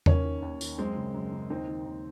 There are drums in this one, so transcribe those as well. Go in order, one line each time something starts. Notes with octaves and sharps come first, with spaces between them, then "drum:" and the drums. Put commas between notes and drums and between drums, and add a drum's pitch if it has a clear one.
D#2 A#3 C#4, drum: tom E2
D#3
D#2
D#3, drum: tambourine
F#2 G#3 C4
C#3
F#2
C#3
D#2 C4 D#4
D#3
D#2